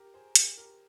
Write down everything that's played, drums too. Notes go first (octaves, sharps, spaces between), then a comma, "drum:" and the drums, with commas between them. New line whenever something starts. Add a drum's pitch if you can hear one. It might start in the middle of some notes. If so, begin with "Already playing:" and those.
Already playing: G4 A#4
G#4 C5
G4 A#4, drum: hi-hat
G4 A#4